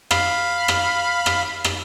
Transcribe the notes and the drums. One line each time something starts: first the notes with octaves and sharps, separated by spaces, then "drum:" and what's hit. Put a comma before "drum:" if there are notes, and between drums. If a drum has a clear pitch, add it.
F5 B5, drum: rim click
drum: rim click
drum: rim click
drum: rim click